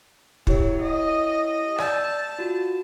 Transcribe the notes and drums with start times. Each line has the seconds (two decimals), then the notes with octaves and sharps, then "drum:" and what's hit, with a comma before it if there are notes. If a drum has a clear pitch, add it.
0.47 F#3 E4 G4 C#5, drum: kick
0.81 D#5
1.78 D5 A5 E6 G6, drum: rim click
2.39 F4 F#4